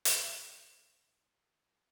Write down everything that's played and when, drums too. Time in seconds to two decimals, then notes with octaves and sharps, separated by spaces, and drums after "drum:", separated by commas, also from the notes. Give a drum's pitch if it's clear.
0.05 drum: hi-hat
0.24 E4
0.64 D4